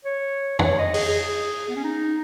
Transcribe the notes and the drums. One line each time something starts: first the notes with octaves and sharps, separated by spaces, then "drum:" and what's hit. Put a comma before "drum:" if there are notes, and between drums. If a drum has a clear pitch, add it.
C#5
B4, drum: tom
C#5
D#5
G#4, drum: open hi-hat
G#4
B3
C#4
D#4